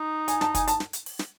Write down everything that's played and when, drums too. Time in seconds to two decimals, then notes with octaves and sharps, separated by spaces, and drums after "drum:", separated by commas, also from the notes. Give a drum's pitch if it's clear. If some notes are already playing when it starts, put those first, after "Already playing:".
Already playing: D#4
0.28 G#5, drum: hi-hat
0.41 A5, drum: snare
0.55 G#5, drum: kick, hi-hat
0.68 A5, drum: hi-hat
0.80 drum: snare
0.93 drum: hi-hat
1.06 drum: open hi-hat
1.19 drum: snare